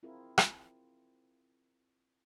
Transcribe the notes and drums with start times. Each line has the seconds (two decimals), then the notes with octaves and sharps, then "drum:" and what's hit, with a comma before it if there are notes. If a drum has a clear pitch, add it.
0.03 C4 E4 F4 G#4 A#4
0.38 drum: rim click